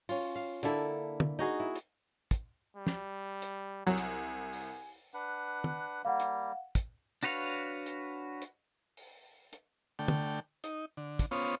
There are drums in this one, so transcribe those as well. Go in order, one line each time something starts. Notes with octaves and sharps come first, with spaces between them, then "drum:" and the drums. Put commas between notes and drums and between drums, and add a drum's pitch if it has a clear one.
C#4 F4, drum: open hi-hat
F5
D3 A#3 E4 A4, drum: hi-hat
drum: tom
D#4 F#4 G#4
E4
drum: hi-hat
drum: kick, hi-hat
G3
drum: snare
drum: hi-hat
C2 F#3 G#5
drum: hi-hat
drum: open hi-hat
D4 B4 F#5
drum: tom
G3 A#3 F5 F#5
drum: hi-hat
drum: kick, hi-hat
D4 F#4 B4 C#5 F5
drum: hi-hat
drum: hi-hat
drum: open hi-hat
drum: hi-hat
D3 A3 G5
drum: tom
D#4, drum: hi-hat
D3
drum: kick, hi-hat
B3 C#4 F4 C5 C#5 D#6